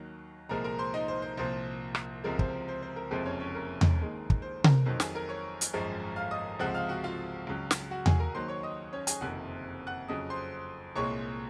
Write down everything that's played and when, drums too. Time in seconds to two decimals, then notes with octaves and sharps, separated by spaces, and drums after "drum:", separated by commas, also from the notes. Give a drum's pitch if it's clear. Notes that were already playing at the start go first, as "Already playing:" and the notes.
Already playing: D#2 D#3 F#3
0.49 C2 A#2 F3 G#3 A#4 A#5
0.64 A#4 A#5
0.79 C5 C6
0.94 D#4 D#5
1.08 C5
1.22 C5
1.37 C2 A#2 F3 C5
1.95 drum: rim click
2.24 C#2 C3 F3 G#3 A#4
2.39 C5, drum: kick
2.68 C5
2.82 C5
2.96 A#4
3.11 F#1 F2 C3 F3 G#3 C5
3.26 C#4 C#5
3.40 C#4 C#5
3.55 A#4
3.81 drum: tom E2
3.99 D#2 D#3 G#3
4.30 drum: kick
4.42 C5
4.64 A#4, drum: tom C3
4.85 F2 D#3 F#3 C5
5.00 G#4 G#5, drum: snare
5.15 A#4 A#5
5.29 C#5 C#6
5.61 drum: hi-hat
5.74 G#1 F#2 F3 G#3
6.16 F5 F6
6.31 D#5 D#6
6.59 C#2 C3 F3 G#3 F#5 F#6
6.75 F5 F6
6.89 F#4 F#5
7.04 F4 F5
7.47 C#2 C#3 F#3
7.71 drum: snare
7.91 F#4 F#5
8.06 G#4 G#5, drum: tom E2
8.20 A#4 A#5
8.34 D#2 D#3 F#3 C5 C6
8.48 C#5 C#6
8.63 D#5 D#6
8.93 C#4 C#5
9.07 G#4 G#5, drum: hi-hat
9.21 F#1 F2 C3 D#3 F#5 F#6
9.87 F#5 F#6
10.08 F2 C#3 F#3 D#5 D#6
10.30 C5 C6
10.96 C2 A#2 G#3 C#5 C#6